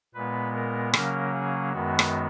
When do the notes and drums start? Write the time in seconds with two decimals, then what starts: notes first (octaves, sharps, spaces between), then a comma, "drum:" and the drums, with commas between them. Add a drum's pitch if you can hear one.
0.14 A#2 G#3 B3 B4
0.54 A#4
0.94 C#3 F#3 A#3 C#4 A#4, drum: rim click
1.34 G#4
1.72 F#2 D#3 G#3 B3 F#4
1.99 drum: rim click